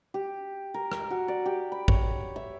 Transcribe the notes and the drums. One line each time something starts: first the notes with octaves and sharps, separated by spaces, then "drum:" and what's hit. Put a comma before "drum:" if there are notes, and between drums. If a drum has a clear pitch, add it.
G4
A#4
drum: rim click
F#4
D5
G4
B5
C#5, drum: kick
E5